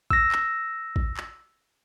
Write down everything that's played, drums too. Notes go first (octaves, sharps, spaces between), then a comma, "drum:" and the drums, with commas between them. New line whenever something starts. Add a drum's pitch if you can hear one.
E6 A#6, drum: kick
drum: clap
drum: kick
drum: clap